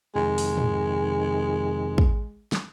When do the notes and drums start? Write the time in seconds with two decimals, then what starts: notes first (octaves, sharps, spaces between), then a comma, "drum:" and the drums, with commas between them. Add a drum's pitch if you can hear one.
0.15 F2 C3 D#3 G#3
0.38 drum: open hi-hat
0.57 drum: tom
1.98 drum: kick
2.52 drum: snare